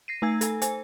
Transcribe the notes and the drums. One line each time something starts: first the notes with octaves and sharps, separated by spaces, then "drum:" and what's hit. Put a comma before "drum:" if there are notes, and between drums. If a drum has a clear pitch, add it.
A#6 C7 D#7
A3 D#4 G#5 E6 G#6
A4 G#5, drum: hi-hat
C5 G#5, drum: hi-hat